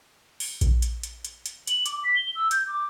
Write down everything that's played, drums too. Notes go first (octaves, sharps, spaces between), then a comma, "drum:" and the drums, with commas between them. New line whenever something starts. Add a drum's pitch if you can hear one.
drum: open hi-hat
drum: kick A#1, hi-hat
drum: hi-hat
drum: hi-hat
drum: hi-hat
drum: hi-hat
F#7, drum: hi-hat
D6, drum: hi-hat
B6
G7
E6
G6, drum: hi-hat
D6